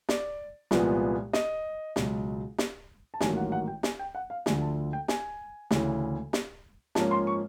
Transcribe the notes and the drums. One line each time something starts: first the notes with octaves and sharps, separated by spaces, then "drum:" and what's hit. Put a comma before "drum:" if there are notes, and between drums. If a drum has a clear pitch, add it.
D5, drum: snare
C2 A#2 F3 G#3 B3, drum: snare
D#5, drum: snare
C#2 B2 F#3, drum: snare
drum: snare
A5
A1 G#2 D#3 F#3 A#3 G#5, drum: snare
F#5
F#5
G5
G#5, drum: snare
G5
F#5
F5
D2 D3 F3 G#5, drum: snare
A5
G5
G#5, drum: snare
D2 C#3 E3, drum: snare
drum: snare
G#2 F3 A#3 C#4 A5, drum: snare
C6
C#6